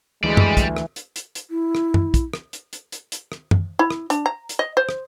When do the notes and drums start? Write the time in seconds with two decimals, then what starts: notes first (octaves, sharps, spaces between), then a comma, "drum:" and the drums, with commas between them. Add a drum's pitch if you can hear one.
0.24 D2 E3 G3 G#3 D5
0.37 drum: tom F#2
0.57 drum: kick, hi-hat
0.77 drum: rim click
0.96 drum: hi-hat
1.16 drum: hi-hat
1.35 drum: hi-hat
1.51 E4
1.75 drum: rim click
1.94 drum: tom F#2
2.14 drum: kick, hi-hat
2.34 drum: rim click
2.53 drum: hi-hat
2.73 drum: hi-hat
2.92 drum: hi-hat
3.12 drum: hi-hat
3.32 drum: rim click
3.51 drum: tom F#2
3.79 E4
3.90 drum: rim click
4.10 D4, drum: hi-hat
4.26 A#5
4.49 drum: hi-hat
4.59 D#5
4.77 C5
4.89 drum: rim click